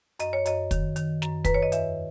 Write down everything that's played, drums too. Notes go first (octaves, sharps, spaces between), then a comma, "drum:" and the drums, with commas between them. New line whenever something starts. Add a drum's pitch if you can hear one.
F#2 D#5, drum: hi-hat
C#5
F#2 D#5, drum: hi-hat
D#3, drum: kick, hi-hat
D#3, drum: hi-hat
F#2, drum: snare
F#2 B4, drum: kick, hi-hat
C#5
D#5
E2 E5, drum: hi-hat